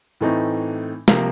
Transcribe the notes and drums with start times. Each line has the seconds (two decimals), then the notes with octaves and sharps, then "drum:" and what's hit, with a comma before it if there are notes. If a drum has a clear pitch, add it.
0.21 A2 E3 A3 C4 D#4
1.08 C3 F3 A#3, drum: snare